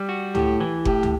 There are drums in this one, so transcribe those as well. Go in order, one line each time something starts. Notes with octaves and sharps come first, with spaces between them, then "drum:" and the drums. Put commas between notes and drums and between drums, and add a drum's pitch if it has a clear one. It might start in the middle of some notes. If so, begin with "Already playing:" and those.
Already playing: G3
F#4
A2 G4, drum: tom
E3
A2 G4, drum: kick F#1
drum: tom